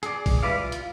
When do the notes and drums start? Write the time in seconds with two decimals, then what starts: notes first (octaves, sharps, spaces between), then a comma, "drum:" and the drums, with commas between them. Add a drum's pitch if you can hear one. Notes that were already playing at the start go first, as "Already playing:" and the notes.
0.03 G#4 D5, drum: hi-hat
0.26 drum: kick, open hi-hat
0.43 G3 E4 B4 D5 F5
0.59 F4
0.72 drum: hi-hat